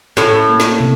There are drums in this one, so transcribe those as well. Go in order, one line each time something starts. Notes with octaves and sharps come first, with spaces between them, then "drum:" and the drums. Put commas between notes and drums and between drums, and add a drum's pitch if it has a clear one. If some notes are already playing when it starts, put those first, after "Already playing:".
A2 C#4, drum: snare
A#3
drum: snare
C3